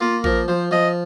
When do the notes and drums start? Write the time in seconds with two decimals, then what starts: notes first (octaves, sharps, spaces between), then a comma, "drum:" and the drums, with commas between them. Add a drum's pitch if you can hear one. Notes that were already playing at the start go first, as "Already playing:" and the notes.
0.01 A#3 F4
0.24 F3 A#4, drum: kick A1
0.48 F3 C5
0.71 F3 D#5